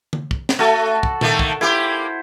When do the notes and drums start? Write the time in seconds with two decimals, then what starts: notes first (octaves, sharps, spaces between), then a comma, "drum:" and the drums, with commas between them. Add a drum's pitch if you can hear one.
0.13 drum: tom D3
0.31 drum: kick
0.49 drum: snare
0.59 A3 F#4 A4
1.03 drum: kick
1.21 D#3 A3 A#3, drum: tom A#2
1.39 drum: kick
1.61 A#3 E4 G4 C5